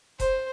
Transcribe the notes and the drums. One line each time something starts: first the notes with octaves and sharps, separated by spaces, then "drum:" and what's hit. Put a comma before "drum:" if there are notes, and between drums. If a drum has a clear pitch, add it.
C5, drum: kick E1, hi-hat